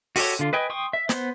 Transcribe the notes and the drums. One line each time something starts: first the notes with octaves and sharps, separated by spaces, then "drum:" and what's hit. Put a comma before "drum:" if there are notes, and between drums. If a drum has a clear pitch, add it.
F#4 G4 A4 C#5, drum: open hi-hat
D3 F4
B4 D#5 G5 G#5
G5 C6 C#6 D#6
E5
B3 C5, drum: snare